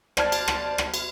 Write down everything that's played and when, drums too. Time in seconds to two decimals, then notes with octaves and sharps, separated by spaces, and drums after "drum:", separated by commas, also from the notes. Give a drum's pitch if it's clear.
0.17 C5 D5 A5 F6 G#6, drum: rim click
0.32 drum: cymbal
0.48 drum: rim click
0.78 drum: rim click
0.94 drum: cymbal